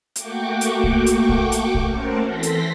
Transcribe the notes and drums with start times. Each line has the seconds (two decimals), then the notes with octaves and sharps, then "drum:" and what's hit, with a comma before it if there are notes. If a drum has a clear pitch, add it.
0.16 A3 A#3 F#4 G5 C#6 D6, drum: hi-hat
0.61 drum: hi-hat
0.84 drum: kick A#1
1.06 drum: hi-hat
1.29 drum: kick A#1
1.52 drum: hi-hat
1.75 drum: kick A#1
1.88 A3 C#4 A4 A#4 C5 F#5
2.26 E3 C4 A4 C6 A#6 B6
2.43 drum: hi-hat